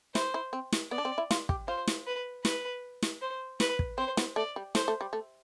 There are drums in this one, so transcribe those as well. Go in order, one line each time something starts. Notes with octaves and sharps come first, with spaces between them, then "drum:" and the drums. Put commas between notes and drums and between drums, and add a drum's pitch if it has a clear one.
E4 C5, drum: snare
E4
C4
drum: snare
B3 D5
D4
C4
E4
F4, drum: snare
G4, drum: kick
F4 C5
drum: snare
B4
B4, drum: snare
drum: snare
C5
B4, drum: snare
drum: kick
C4 C5
B3, drum: snare
A3 D5
G3
A3 C5, drum: snare
A3
G3
A3